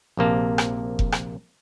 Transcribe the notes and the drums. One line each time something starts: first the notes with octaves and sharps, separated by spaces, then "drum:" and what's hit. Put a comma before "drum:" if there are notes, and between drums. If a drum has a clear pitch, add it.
A#1 C3 A#3 A5
drum: rim click
drum: kick F1
drum: rim click